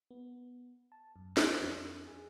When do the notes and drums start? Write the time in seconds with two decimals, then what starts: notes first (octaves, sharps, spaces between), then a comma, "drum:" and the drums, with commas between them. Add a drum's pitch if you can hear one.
0.11 B3
0.92 A5
1.16 F#2
1.37 C5, drum: snare
1.61 F2
2.07 G#4